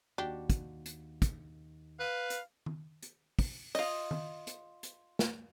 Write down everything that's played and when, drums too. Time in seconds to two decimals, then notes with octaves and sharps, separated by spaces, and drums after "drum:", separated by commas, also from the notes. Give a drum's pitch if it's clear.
0.18 D#2 D4 F#4 G4
0.50 drum: kick, hi-hat
0.86 drum: hi-hat
1.22 drum: kick, hi-hat
2.00 B4 F5
2.30 drum: hi-hat
2.66 drum: tom D#3
3.02 drum: hi-hat
3.39 drum: kick, open hi-hat
3.75 F4 D#5, drum: open hi-hat
4.11 drum: tom D#3
4.47 drum: hi-hat
4.83 drum: hi-hat
5.19 drum: snare